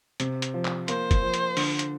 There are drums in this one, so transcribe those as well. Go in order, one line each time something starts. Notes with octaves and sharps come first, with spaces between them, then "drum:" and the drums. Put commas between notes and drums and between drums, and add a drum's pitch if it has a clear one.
C3, drum: hi-hat
drum: hi-hat
F3
drum: clap
A#3 C5, drum: hi-hat
drum: kick, hi-hat
F3
drum: hi-hat
D3, drum: open hi-hat
drum: hi-hat